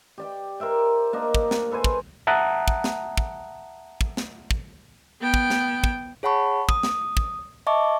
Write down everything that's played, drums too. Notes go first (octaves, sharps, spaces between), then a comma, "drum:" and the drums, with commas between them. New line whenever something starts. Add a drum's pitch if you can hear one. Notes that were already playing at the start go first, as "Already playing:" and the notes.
G4 D5 G5
A#4 C5 E5 G5
A#3 D4 D#5
drum: kick
drum: snare
A4 B4 C5 G#5
drum: kick
E5 F#5 A5 A#5 D#6 F#6
drum: kick
drum: snare
drum: kick
drum: kick
drum: snare
drum: kick
B3 G5
drum: kick
drum: snare
drum: kick
G#4 C#5 F#5 A5 B5 C#6
D#6, drum: kick
drum: snare
drum: kick
D#5 E5 A5 C#6 D6